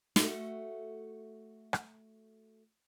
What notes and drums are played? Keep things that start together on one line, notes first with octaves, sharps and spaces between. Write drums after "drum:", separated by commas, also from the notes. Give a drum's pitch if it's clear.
A3 F#4, drum: snare
drum: rim click